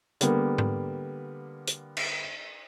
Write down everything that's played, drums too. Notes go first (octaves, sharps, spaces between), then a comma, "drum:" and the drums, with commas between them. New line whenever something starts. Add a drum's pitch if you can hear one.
D3 G3 A#3 B3, drum: hi-hat
drum: tom G#2
drum: hi-hat
drum: cymbal